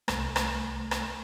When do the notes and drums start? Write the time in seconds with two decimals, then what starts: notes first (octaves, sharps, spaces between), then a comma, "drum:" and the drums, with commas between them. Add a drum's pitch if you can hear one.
0.08 C2 A3, drum: rim click
0.36 drum: rim click
0.91 drum: rim click